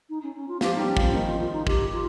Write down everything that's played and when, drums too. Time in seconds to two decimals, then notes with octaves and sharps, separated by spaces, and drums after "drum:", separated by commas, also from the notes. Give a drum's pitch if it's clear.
0.09 D#4
0.23 C#4
0.36 C#4
0.48 F4
0.61 F3 F4 G4, drum: snare
0.72 F4
0.74 G3 D#4 G4
0.88 C#4
0.97 F3 F4, drum: kick
1.01 C4
1.14 D#3 A#3 D#4
1.27 F4
1.40 F4
1.53 D#4
1.67 G4, drum: kick
1.92 F4